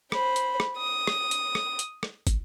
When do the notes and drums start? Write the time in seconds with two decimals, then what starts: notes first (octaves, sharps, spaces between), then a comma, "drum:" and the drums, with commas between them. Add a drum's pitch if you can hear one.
0.12 C5 B5, drum: rim click
0.36 drum: hi-hat
0.60 drum: rim click
0.78 D#6
1.07 drum: rim click
1.31 drum: hi-hat
1.55 drum: rim click
1.79 drum: hi-hat
2.03 drum: rim click
2.27 drum: kick, hi-hat